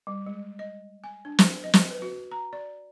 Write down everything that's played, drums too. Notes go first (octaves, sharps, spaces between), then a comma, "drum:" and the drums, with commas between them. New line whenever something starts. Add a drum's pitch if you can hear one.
G3
G#3
D#5
G#5
D4
drum: snare
D#5
drum: snare
B4
F#4
A#5
D5